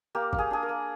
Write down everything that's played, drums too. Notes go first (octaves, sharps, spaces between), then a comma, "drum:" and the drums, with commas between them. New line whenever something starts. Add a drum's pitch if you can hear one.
A#3 G4
A#3, drum: kick
G#4
D4 G#4
A#4
A#3